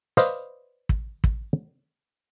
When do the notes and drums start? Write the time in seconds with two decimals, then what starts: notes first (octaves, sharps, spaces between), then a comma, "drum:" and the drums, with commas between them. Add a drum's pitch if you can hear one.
0.17 B4 C5 D5 D#5 F5, drum: hi-hat
0.89 drum: kick
1.24 drum: kick